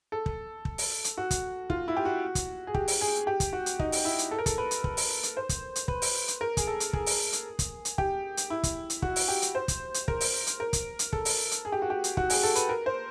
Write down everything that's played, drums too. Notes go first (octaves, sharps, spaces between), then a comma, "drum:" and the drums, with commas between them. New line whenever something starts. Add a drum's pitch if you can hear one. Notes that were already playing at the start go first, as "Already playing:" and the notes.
A4
drum: kick
drum: kick
drum: open hi-hat
drum: hi-hat
F#4
drum: kick, hi-hat
F4, drum: kick
E4
G4
F#4
drum: kick, hi-hat
G#4
G4, drum: kick
drum: open hi-hat
G#4
G4
drum: kick, hi-hat
F#4
drum: hi-hat
D#4, drum: kick
drum: open hi-hat
E4
drum: hi-hat
A4
A#4
A4, drum: kick, hi-hat
B4
drum: hi-hat
B4, drum: kick
drum: open hi-hat
drum: hi-hat
C5
drum: kick, hi-hat
drum: hi-hat
B4, drum: kick
drum: open hi-hat
drum: hi-hat
A#4
G#4, drum: kick, hi-hat
A4
drum: hi-hat
G#4, drum: kick
drum: open hi-hat
drum: hi-hat
drum: kick, hi-hat
drum: hi-hat
G4, drum: kick
drum: hi-hat
E4
drum: kick, hi-hat
drum: hi-hat
F#4, drum: kick
drum: open hi-hat
G4
drum: hi-hat
C5
drum: kick, hi-hat
drum: hi-hat
A#4, drum: kick
drum: open hi-hat
drum: hi-hat
A#4
drum: kick, hi-hat
drum: hi-hat
A4, drum: kick
drum: open hi-hat
drum: hi-hat
G#4
G4
F#4
G4
drum: hi-hat
F#4, drum: kick
G#4, drum: open hi-hat
A4
B4, drum: hi-hat
A#4
C5